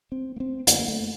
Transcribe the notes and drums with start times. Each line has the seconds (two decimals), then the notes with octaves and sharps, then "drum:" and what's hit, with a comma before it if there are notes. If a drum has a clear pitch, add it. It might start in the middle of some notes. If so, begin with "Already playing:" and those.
0.12 C4
0.36 A#3
0.40 C4
0.67 F#2 D3 A#3, drum: hi-hat
0.79 A#3
0.88 A3